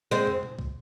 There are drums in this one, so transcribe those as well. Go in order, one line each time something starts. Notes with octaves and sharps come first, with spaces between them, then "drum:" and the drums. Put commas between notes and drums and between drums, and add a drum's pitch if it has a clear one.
G#3 C4
drum: tom
drum: tom A#2
drum: kick